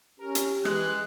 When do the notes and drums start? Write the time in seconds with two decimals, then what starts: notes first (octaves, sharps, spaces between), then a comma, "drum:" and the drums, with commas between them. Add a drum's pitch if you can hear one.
0.20 C#4 G4 A#4
0.35 drum: hi-hat
0.65 E3 G#3 F#6, drum: rim click